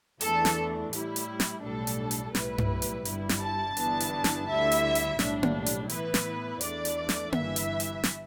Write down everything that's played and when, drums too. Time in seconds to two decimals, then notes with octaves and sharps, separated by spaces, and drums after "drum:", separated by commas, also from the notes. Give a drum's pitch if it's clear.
0.21 E2 E3 A3 D4 A4, drum: hi-hat
0.45 drum: snare
0.93 A2 G3 E4, drum: hi-hat
1.16 drum: hi-hat
1.40 drum: snare
1.63 B1 A2 G3 D4 A4
1.87 drum: hi-hat
2.11 drum: hi-hat
2.35 B1 A2 G3 E4 B4, drum: snare
2.58 drum: tom G2
2.82 drum: hi-hat
3.05 G1 G2 G3 E4, drum: hi-hat
3.29 drum: snare
3.41 A5
3.77 G1 G2 E3 B3 D4, drum: hi-hat
4.00 drum: hi-hat
4.24 drum: snare
4.48 D2 D3 G3 E4 E5
4.72 drum: hi-hat
4.95 drum: hi-hat
5.19 B1 A2 G3 D4, drum: snare
5.43 drum: tom A#3
5.66 drum: hi-hat
5.89 A2 E3 B3 E4 B4, drum: hi-hat
6.14 drum: snare
6.61 E2 E3 A3 D4 D5, drum: hi-hat
6.85 drum: hi-hat
7.09 drum: snare
7.32 G1 G2 E3 E5, drum: tom A#3
7.56 drum: hi-hat
7.80 drum: hi-hat
8.03 drum: snare